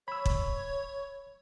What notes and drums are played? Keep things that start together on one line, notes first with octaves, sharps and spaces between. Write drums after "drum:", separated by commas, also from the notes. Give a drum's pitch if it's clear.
C#5 B5 E6
drum: kick